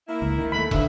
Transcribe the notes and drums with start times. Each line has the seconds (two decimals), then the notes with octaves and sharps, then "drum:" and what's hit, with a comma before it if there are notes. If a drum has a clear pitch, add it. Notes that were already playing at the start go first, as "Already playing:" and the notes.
0.08 A#3 E4
0.22 C#2
0.38 D#3
0.52 D#2 A3 B5
0.71 G2 D3 F3 E5, drum: kick